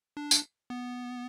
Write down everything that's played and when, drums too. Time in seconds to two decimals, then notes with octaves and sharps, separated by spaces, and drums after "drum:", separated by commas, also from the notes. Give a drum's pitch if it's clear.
0.17 D4
0.31 drum: tambourine
0.70 B3